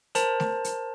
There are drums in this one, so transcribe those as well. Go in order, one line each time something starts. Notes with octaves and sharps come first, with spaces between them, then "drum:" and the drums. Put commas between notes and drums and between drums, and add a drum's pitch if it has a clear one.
A#4 C5 A5, drum: hi-hat
drum: snare A3
drum: hi-hat